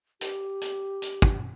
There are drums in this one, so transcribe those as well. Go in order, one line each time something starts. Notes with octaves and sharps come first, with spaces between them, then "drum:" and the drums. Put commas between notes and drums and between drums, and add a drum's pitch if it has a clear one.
G4, drum: hi-hat
drum: hi-hat
drum: hi-hat
drum: kick